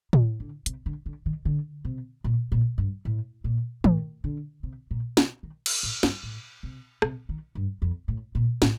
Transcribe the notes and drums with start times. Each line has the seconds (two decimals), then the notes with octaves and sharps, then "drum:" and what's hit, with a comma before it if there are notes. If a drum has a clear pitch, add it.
0.13 D#3, drum: tom A2
0.40 D3
0.66 C3, drum: hi-hat
0.86 D3
1.06 D3
1.26 D#3
1.45 D3
1.85 C3
2.24 A#2
2.52 A#2
2.78 G2
3.05 A2
3.44 A#2
3.84 A2, drum: tom
4.24 D3
4.63 C3
4.91 A#2
5.17 C3, drum: snare
5.43 D#3
5.66 drum: cymbal
5.83 A2
6.03 G2, drum: snare
6.23 A2
6.63 C3
7.02 C3, drum: rim click
7.29 D#3
7.55 G2
7.82 F2
8.08 A2
8.35 A#2
8.62 A2, drum: snare